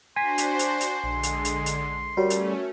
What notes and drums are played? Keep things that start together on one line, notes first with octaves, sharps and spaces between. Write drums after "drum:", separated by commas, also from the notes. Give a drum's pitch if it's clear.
D4 F#4 C5 G#5 C6 A#6 B6
drum: hi-hat
drum: hi-hat
drum: hi-hat
A#1 D3 G#3
drum: hi-hat
drum: hi-hat
drum: hi-hat
G3 A3 C#4 F#4 A#4 C#5
drum: hi-hat